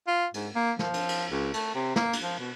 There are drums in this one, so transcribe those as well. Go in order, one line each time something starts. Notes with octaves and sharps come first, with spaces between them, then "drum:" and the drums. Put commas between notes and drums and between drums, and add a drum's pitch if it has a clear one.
F4
G#2, drum: cymbal
A#3
F3, drum: snare
drum: cymbal
drum: cymbal
C#2
A3, drum: cymbal
C3
A#3, drum: snare
drum: cymbal
F3
B2